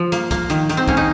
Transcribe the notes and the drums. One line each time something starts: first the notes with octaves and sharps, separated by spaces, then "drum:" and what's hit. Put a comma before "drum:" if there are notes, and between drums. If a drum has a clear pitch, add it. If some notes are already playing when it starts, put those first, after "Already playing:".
Already playing: F3
A#3, drum: hi-hat
A#3, drum: kick, hi-hat
D#3, drum: hi-hat
D#3, drum: hi-hat
C4
A#3 C#4, drum: kick
D#4